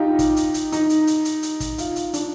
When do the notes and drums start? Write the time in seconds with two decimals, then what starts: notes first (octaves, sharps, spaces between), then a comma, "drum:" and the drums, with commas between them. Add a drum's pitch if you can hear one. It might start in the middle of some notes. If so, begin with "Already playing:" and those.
Already playing: D#4 F4 G4
0.19 drum: kick, hi-hat
0.36 drum: hi-hat
0.54 drum: hi-hat
0.72 D#4, drum: hi-hat
0.90 drum: hi-hat
1.07 drum: hi-hat
1.25 drum: hi-hat
1.43 drum: hi-hat
1.60 drum: kick, hi-hat
1.78 F4, drum: hi-hat
1.96 drum: hi-hat
2.14 D4, drum: hi-hat